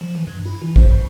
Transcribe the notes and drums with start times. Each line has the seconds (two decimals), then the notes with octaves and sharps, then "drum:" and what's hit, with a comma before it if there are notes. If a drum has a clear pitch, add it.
0.01 F3
0.15 E3
0.27 G2
0.46 E4
0.62 E3
0.76 C5, drum: kick
0.91 C2